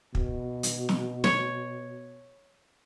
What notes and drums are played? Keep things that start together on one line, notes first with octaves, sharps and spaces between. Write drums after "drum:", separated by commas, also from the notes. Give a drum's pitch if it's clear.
B2, drum: kick
drum: hi-hat
drum: snare
C#5, drum: snare